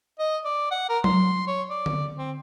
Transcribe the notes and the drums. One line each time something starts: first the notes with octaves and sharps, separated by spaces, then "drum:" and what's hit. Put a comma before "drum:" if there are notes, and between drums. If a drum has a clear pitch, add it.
D#5
D5
F#5
A#4
C6, drum: tom F#3
C#5
D5
drum: tom D3
C4